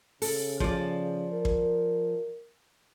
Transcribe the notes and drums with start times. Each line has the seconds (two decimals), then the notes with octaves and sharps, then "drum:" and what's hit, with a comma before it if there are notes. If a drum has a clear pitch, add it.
0.22 C#3 A4, drum: open hi-hat
0.60 F3 D5, drum: kick
1.33 A#4
1.45 drum: kick